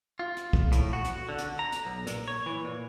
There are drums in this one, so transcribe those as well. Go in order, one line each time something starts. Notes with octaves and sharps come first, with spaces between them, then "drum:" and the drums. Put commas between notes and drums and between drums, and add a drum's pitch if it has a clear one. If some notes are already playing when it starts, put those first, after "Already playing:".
F4
drum: hi-hat
drum: kick
A2, drum: hi-hat
F#4
drum: hi-hat
D3
drum: hi-hat
A#5
drum: hi-hat
B1
A#2, drum: hi-hat
C#5
E3
A#2